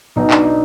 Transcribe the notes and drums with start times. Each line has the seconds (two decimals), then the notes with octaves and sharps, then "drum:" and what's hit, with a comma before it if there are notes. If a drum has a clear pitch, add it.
0.16 B1 B2 D#4
0.30 D4, drum: clap
0.45 D#4